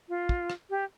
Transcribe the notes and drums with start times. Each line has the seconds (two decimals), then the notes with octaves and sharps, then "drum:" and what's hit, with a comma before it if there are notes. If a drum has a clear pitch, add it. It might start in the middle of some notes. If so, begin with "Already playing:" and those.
0.09 F4
0.29 drum: kick
0.50 drum: rim click
0.70 G4